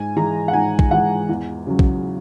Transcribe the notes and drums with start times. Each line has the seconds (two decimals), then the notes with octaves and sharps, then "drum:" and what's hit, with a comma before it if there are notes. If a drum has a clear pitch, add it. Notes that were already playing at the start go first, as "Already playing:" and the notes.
Already playing: G#2 G#5
0.16 E3 G#3 A#5
0.48 F#5
0.53 G#2 G#5
0.79 drum: kick
0.91 E3 G#3 F#5
1.29 E2
1.67 C#3 F#3
1.79 drum: kick